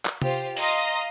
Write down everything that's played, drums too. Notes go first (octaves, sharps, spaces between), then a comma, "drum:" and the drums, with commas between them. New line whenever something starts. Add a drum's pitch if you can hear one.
drum: clap
F4 G4 C5, drum: tom C3
D#5 F5 A#5 C6 D#6, drum: open hi-hat